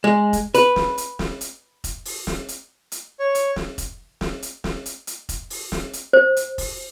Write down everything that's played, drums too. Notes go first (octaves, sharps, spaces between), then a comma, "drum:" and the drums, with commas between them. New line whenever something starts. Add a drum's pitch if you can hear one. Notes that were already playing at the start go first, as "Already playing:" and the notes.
G#3
drum: kick F1, hi-hat
B4, drum: hi-hat
drum: snare
drum: hi-hat
drum: snare
drum: hi-hat
drum: kick F1, hi-hat
drum: open hi-hat
drum: snare
drum: hi-hat
drum: hi-hat
C#5
drum: hi-hat
drum: snare
drum: kick F1, hi-hat
drum: snare
drum: hi-hat
drum: snare
drum: hi-hat
drum: hi-hat
drum: kick F1, hi-hat
drum: open hi-hat
drum: snare
drum: hi-hat
C5
drum: hi-hat
drum: kick F1, open hi-hat